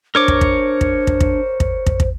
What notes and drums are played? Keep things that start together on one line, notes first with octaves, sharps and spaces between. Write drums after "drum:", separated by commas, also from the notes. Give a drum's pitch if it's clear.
D4 A#4 C5 C#5 D6
drum: kick
drum: kick
drum: kick
drum: kick
drum: kick
drum: kick
drum: kick
drum: kick